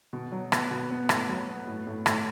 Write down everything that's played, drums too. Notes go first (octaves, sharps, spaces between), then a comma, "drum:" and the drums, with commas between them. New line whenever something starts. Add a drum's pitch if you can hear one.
B2
F#3
B3, drum: rim click
B2
B3
A2, drum: rim click
F#3
B3
A2
A2
A2, drum: rim click